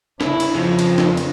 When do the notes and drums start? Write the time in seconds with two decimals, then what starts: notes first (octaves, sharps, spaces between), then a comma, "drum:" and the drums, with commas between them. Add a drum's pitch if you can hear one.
0.21 C#3 E4, drum: snare
0.40 drum: cymbal
0.56 F2 F3
0.79 drum: cymbal
0.98 drum: snare
1.17 drum: cymbal